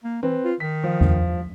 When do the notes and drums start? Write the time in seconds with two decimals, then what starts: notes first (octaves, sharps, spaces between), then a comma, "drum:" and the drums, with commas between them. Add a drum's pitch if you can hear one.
0.04 A#3
0.23 E3 C4 B4
0.44 F4
0.60 D#3 B6
0.84 F3
1.01 drum: tom E2